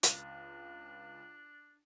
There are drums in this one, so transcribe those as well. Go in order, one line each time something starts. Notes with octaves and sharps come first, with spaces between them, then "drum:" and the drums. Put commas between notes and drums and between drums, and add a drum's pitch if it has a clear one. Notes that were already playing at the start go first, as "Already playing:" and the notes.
C#2 D4, drum: hi-hat